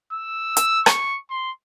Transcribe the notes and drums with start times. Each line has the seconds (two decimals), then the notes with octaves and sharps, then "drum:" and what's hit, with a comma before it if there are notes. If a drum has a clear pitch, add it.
0.11 E6
0.57 E6, drum: hi-hat
0.86 C#6, drum: rim click
1.30 C6